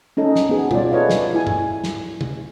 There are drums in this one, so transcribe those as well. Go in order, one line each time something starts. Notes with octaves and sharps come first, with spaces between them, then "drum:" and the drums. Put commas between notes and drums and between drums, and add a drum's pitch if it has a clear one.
C#4 D#4 A4 D#5
drum: snare
B3 G#4
F4 C#5 D5, drum: tom
G#4 A4 B4 C#5 D#5 F5
drum: snare
E4 G#5
drum: tom G2
drum: snare
drum: tom